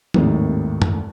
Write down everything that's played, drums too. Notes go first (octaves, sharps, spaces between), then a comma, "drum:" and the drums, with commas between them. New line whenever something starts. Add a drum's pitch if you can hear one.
G#1 D#2 A2 C3, drum: tom F3
drum: tom F#2